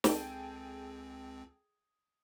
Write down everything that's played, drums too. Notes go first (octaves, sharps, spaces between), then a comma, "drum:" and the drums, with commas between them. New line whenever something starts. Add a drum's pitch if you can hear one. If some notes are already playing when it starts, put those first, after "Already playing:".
C#2 C4 G#4 A4 G5, drum: snare